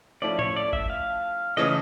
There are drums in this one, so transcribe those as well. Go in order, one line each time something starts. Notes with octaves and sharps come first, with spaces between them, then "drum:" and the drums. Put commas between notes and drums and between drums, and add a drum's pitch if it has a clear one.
F3 A3 C#4 E4 A4 D5
C#5, drum: tom A2
D5
E5, drum: kick G#1
F5
C#3 E3 A3 C#4 D#5